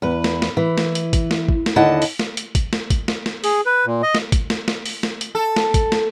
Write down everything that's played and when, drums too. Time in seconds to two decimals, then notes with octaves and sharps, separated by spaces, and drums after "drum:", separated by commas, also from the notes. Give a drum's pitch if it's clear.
0.02 E2 B4
0.24 drum: snare
0.42 drum: snare
0.57 E3
0.78 drum: snare
0.95 drum: hi-hat
1.13 drum: kick, hi-hat
1.31 drum: snare
1.49 drum: kick
1.66 drum: snare
1.76 D#2 D3 E4 D#5 F#5 A5
2.02 drum: open hi-hat
2.19 drum: snare
2.37 drum: hi-hat
2.55 drum: kick, hi-hat
2.73 drum: snare
2.90 drum: kick, hi-hat
3.08 drum: snare
3.26 drum: snare
3.44 G#4, drum: open hi-hat
3.66 B4
3.86 A#2
4.03 D#5
4.15 drum: snare
4.32 drum: kick, hi-hat
4.50 drum: snare
4.68 drum: snare
4.86 drum: open hi-hat
5.03 drum: snare
5.21 drum: hi-hat
5.35 A4
5.56 drum: snare
5.74 drum: kick, hi-hat
5.92 drum: snare